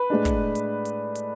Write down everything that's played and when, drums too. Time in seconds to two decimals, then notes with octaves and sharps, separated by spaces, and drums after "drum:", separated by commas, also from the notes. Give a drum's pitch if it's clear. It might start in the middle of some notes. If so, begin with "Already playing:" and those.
Already playing: B4
0.10 A2 G#3 D4
0.25 drum: kick, hi-hat
0.55 drum: hi-hat
0.85 drum: hi-hat
1.15 drum: hi-hat